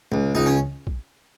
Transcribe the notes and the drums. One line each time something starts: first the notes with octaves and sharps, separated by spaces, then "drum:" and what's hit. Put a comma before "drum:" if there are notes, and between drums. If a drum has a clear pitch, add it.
C#2, drum: tom A#2
C#2 D#4
C#4
drum: kick A#1